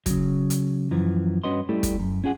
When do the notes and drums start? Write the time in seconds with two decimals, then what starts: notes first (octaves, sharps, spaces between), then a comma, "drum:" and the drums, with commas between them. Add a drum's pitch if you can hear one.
0.06 C#3 F#3, drum: kick, hi-hat
0.50 drum: hi-hat
0.91 F#2 E3 F3
1.44 G2 C#4 F#4 B4 D#5 C6
1.69 G3 A3 E4 A4
1.83 drum: kick, hi-hat
2.00 F#2
2.24 C#4 F4 G#4 F#5